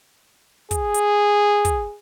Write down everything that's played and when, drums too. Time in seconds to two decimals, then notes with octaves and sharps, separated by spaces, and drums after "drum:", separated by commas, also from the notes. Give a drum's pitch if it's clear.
0.71 G#4, drum: kick, hi-hat
0.94 drum: hi-hat
1.65 drum: kick, hi-hat